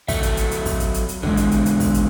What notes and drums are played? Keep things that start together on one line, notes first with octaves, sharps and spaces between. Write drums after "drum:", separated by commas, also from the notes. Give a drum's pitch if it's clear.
F#3 A4 E5, drum: kick, open hi-hat
drum: hi-hat
drum: hi-hat
drum: hi-hat
drum: kick, open hi-hat
drum: hi-hat
drum: hi-hat
drum: hi-hat
D3 E3 G#3, drum: kick
drum: hi-hat
drum: hi-hat
drum: hi-hat
drum: kick, open hi-hat
drum: hi-hat